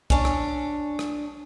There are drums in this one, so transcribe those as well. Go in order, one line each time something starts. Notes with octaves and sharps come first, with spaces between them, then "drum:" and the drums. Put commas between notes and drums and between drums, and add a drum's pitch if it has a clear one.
C#4 D4, drum: kick B1
drum: rim click
drum: rim click